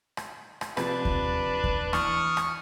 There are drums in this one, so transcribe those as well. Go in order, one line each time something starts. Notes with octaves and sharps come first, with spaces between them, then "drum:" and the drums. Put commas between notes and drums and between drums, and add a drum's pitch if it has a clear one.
drum: rim click
drum: rim click
C3 F3 D4 B4 A6, drum: rim click
drum: kick D#2
drum: kick D#2
E3 C#6 D#6 F6, drum: rim click
drum: rim click